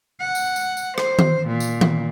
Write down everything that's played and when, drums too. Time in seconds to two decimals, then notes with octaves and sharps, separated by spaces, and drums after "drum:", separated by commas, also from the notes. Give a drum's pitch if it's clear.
0.20 F#5
0.35 drum: tambourine
0.56 drum: tambourine
0.77 drum: tambourine
0.98 C5, drum: rim click
1.19 drum: tom D#3
1.47 A#2
1.60 drum: tambourine
1.81 drum: tom D#3